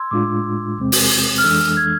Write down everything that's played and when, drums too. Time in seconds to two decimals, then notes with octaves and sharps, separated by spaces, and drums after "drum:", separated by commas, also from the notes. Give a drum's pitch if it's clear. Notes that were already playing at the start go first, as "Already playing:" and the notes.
Already playing: C6 E6 G#6
0.11 A2 G#3 D4 F4 D6
0.78 E2 C3 G#3 C4
0.92 drum: open hi-hat
1.38 F6
1.44 F2 E3 G#3 D4 A4 E6
1.77 G#6